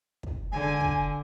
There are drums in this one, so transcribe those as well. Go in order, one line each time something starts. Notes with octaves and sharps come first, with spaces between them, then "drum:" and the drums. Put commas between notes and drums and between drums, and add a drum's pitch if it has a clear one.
drum: kick
D3 G#5
drum: kick